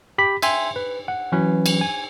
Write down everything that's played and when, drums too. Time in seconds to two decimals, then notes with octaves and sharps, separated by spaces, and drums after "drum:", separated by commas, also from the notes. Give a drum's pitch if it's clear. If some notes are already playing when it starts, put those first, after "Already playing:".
0.18 G4 B5 B6
0.42 E5 G5 G#5 C6, drum: cymbal
0.76 B4
1.08 F#5
1.32 E3 F#3 C#4 B4
1.66 drum: cymbal
1.81 G#5